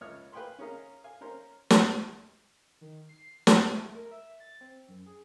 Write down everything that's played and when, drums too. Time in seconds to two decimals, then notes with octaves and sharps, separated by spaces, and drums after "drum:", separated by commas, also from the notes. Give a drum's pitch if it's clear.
0.01 C#2 C#5 E5 F6
0.32 B4 F5 G5 G#5 B5 C6
0.59 C#4 G#4 A#4 F5
1.04 F5 G#5
1.21 C#4 A#4 C5
1.70 drum: snare
2.81 D#3
3.09 C7
3.47 G#5, drum: snare
3.73 A3
3.95 A#4
4.11 E5
4.40 A6
4.61 C4
4.88 F#2
5.06 G#4